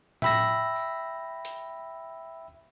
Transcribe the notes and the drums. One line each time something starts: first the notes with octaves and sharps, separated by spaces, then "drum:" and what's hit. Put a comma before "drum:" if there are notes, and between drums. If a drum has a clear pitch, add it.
E5 G5 B5 E6 A#6, drum: tom A2
drum: tambourine
drum: hi-hat